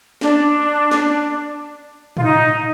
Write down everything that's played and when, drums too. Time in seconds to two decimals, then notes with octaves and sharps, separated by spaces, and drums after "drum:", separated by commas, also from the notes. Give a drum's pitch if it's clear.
0.21 D4, drum: snare
0.91 drum: snare
2.17 F4, drum: tom A2
2.23 D#4